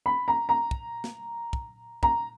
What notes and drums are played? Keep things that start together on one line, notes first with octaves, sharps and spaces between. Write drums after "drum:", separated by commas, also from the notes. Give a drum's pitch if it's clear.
B5
A#5
A#5
drum: kick
drum: snare
drum: kick
A#5, drum: kick